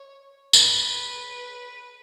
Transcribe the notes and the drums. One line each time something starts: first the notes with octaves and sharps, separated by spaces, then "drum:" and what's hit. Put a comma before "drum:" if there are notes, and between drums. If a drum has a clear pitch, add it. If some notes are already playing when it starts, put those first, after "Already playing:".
Already playing: C#5
B4, drum: tambourine